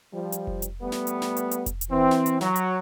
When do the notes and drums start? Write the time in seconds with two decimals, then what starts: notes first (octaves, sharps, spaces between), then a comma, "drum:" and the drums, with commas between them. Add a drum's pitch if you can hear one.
0.13 F3 G3
0.32 drum: hi-hat
0.47 drum: kick F1
0.62 drum: hi-hat
0.82 G3 A3 B3
0.92 drum: snare
1.07 drum: hi-hat
1.22 drum: snare
1.37 drum: hi-hat
1.51 drum: hi-hat
1.66 drum: kick F1, hi-hat
1.81 drum: hi-hat
1.91 E3 C4
2.11 drum: snare
2.26 drum: hi-hat
2.41 F#3, drum: snare
2.56 drum: hi-hat